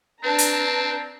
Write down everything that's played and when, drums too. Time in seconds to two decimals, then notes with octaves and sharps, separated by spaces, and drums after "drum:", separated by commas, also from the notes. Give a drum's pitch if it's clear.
0.24 C4 D4 B4 A5 A#5
0.38 drum: hi-hat